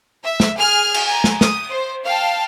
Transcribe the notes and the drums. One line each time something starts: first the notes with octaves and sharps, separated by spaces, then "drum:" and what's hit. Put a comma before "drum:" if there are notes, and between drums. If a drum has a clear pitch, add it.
E5
drum: snare
G#4 G#5 F6
drum: cymbal
G#5 A#5
drum: snare
D#6, drum: snare
C5
F5 G5 A5